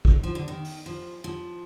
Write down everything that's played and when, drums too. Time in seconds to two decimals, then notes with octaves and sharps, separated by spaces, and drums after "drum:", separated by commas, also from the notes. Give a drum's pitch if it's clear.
0.05 drum: kick
0.23 F3
0.35 D3
0.48 D#3
0.64 drum: open hi-hat
0.86 F3
1.24 F3